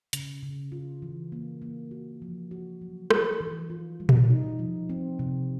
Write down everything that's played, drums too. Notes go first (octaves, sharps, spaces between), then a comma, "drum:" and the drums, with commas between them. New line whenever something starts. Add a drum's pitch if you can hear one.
C#3, drum: hi-hat
C#3
F4
E3
A#3
A#3
F#4
F3
F#4
F#3
D#4, drum: rim click
E3
F4
G3
drum: tom A#2
D#4
F3
C4
C3